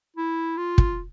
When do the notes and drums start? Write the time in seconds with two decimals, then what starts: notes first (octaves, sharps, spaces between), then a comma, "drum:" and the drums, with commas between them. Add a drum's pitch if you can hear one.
0.16 E4
0.57 F4
0.78 drum: kick